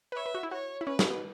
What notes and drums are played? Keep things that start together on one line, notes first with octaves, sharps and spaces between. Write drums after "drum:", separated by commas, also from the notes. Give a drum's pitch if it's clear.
B4
C#5 E5
B4
F#4
E4
F#4 C#5
E4
C#4 B4
C#4, drum: snare
B3